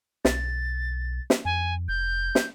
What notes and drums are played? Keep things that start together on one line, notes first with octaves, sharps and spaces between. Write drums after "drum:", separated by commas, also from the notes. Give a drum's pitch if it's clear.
B1 A6, drum: snare
drum: snare
F2 G#5
F1 G6
drum: snare